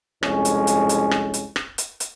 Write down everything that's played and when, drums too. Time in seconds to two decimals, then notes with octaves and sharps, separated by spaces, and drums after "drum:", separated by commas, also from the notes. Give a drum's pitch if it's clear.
0.23 C2 F2 G#3 C#4, drum: rim click
0.45 drum: hi-hat
0.67 drum: hi-hat
0.89 drum: hi-hat
1.11 drum: rim click
1.34 drum: hi-hat
1.56 drum: rim click
1.78 drum: hi-hat
2.00 drum: hi-hat